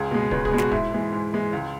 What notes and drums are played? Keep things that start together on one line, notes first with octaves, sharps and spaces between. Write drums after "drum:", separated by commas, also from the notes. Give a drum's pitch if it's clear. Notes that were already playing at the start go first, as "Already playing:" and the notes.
Already playing: C#2 G#4
B2 G#3
C#2 B4, drum: kick
G#4, drum: kick
B2 G#3
F#4, drum: snare
G#2 E4, drum: kick
E3 G#3
G#2
E3 G#3
C#2